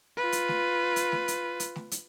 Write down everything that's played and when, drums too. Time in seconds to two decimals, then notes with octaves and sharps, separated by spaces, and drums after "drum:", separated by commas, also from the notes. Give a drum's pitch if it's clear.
0.17 F4 B4
0.32 drum: hi-hat
0.48 drum: snare A3
0.96 drum: hi-hat
1.12 drum: snare A3
1.28 drum: hi-hat
1.60 drum: hi-hat
1.76 drum: snare A3
1.91 drum: hi-hat